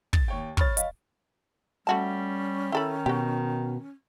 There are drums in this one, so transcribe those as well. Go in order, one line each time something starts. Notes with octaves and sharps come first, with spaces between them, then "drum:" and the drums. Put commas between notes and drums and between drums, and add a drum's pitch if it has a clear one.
A6, drum: kick
D#2 C#5 G5
C#5 B5 C#6 F6 A6, drum: kick
D#5 F5, drum: hi-hat
G3 A3 C#4 F#4 A5
D#3 E4 A4 B5
B2 F#4 G4